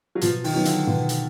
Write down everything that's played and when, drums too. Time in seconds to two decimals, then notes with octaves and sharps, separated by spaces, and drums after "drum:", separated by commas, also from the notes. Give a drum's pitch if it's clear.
0.15 F#3
0.21 B2 F3, drum: hi-hat
0.44 D#3, drum: open hi-hat
0.55 F#3 B3 D#4
0.65 D3, drum: hi-hat
0.87 B2 D3
1.09 drum: hi-hat